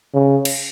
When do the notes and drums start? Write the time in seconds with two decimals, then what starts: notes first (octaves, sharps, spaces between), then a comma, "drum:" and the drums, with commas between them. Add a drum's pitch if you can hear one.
0.14 C#3
0.45 drum: cymbal